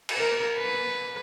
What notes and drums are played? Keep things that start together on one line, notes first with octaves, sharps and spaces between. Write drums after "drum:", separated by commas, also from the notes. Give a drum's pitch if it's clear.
drum: cymbal
A#4
B4